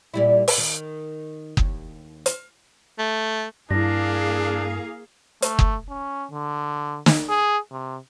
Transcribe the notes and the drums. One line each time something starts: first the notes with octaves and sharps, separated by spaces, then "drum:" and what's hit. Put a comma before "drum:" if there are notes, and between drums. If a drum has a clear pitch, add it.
A#2 G3 E4
drum: open hi-hat
D#3
D#2, drum: kick F#1
drum: hi-hat
A3
G2 A#3 D4 E4 G#4 F5 A#6
A3, drum: hi-hat
drum: kick F#1
C#4
D3
drum: snare
G#4
C3